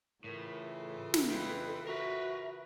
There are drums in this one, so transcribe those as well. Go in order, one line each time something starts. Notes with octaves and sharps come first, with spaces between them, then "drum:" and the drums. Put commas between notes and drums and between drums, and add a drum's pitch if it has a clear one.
A2 C#3 E3 F4 A#4
A4
drum: snare
B4 F5 G5
F#4 A#4 B4 E5